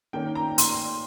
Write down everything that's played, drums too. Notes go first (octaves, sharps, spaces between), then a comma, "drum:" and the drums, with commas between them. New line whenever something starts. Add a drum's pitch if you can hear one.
D#3 A#3 C#4 G5
A#5
C6, drum: hi-hat